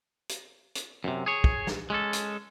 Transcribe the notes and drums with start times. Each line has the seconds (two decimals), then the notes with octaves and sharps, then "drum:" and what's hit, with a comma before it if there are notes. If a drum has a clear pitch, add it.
0.29 drum: hi-hat
0.75 drum: hi-hat
1.04 F#2 C3
1.26 G#4 C#5
1.44 drum: kick
1.67 drum: snare
1.90 G#3 C#4 A4
2.13 drum: hi-hat